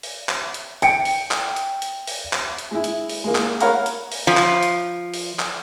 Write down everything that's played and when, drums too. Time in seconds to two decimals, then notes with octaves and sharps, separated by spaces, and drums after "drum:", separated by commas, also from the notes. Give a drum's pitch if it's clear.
0.03 drum: open hi-hat
0.29 drum: clap
0.54 drum: hi-hat
0.82 G5 C#7 D7, drum: hi-hat
1.05 drum: open hi-hat
1.31 drum: clap
1.56 drum: hi-hat
1.82 drum: hi-hat
2.07 drum: open hi-hat
2.33 drum: clap
2.58 drum: hi-hat
2.71 G#3 E4
2.84 drum: hi-hat
3.09 drum: open hi-hat
3.24 G#3 A#3
3.35 drum: clap
3.61 A#4 C#5 F5 F#5 A#5 B5, drum: hi-hat
3.86 drum: hi-hat
4.12 drum: open hi-hat
4.27 F3
4.37 drum: clap
4.63 drum: hi-hat
5.14 drum: open hi-hat
5.39 drum: clap